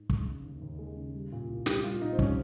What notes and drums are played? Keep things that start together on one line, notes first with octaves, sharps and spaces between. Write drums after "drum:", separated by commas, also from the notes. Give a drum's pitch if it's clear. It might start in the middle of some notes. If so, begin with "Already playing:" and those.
Already playing: G#2
G#3, drum: kick
C#3
D#2
D#2
G#3
C#3
G3
A#2
C2
C2 G4, drum: snare
G3 F4
A#2 D#4
C4
G3 C#4, drum: kick